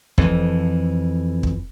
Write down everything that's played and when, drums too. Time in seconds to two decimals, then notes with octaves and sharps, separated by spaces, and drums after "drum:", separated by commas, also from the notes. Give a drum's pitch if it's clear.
0.18 F2 E3, drum: kick
1.43 drum: kick